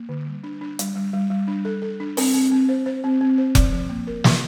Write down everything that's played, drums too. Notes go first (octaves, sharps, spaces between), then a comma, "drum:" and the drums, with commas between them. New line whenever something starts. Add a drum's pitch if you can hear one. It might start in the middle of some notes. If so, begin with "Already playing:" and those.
Already playing: A#3
D3
G3
D4
D4
G3, drum: hi-hat
G3
G3
G3
D4
A4
A4
D4
C4, drum: open hi-hat
C4
C4
C5
C5
C4
C4
C5
F3, drum: kick F1, hi-hat
F3
A#3
A#4
F3, drum: snare